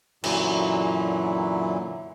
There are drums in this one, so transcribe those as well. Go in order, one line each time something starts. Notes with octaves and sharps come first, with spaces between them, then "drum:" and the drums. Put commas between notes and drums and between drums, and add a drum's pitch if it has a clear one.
F#2 A#2 D3 E3 F#3 E4, drum: cymbal